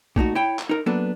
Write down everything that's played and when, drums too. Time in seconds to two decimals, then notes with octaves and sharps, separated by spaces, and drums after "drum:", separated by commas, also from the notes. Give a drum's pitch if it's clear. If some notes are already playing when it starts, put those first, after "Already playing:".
0.16 A#2 A3 D#4 F#4, drum: kick A#1
0.35 E4 C#5 G5
0.59 drum: clap
0.69 D#4 A#4
0.86 F#3 A#3 B3 D4 A4 B4